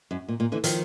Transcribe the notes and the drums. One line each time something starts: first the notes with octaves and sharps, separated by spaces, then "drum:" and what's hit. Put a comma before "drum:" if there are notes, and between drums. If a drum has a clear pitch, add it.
F#2
A#2
A#2
D3 E3
D#3 F3, drum: hi-hat